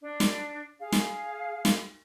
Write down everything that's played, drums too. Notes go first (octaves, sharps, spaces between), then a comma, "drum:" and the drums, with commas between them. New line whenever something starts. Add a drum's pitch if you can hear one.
D4
drum: snare
G#4 F5
drum: snare
drum: snare